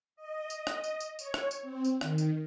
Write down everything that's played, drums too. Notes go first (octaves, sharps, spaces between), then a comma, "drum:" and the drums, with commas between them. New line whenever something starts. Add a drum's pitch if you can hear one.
D#5
drum: tambourine
drum: rim click
drum: tambourine
drum: tambourine
C#5, drum: tambourine
drum: rim click
drum: tambourine
C4
drum: tambourine
D#3, drum: rim click
drum: tambourine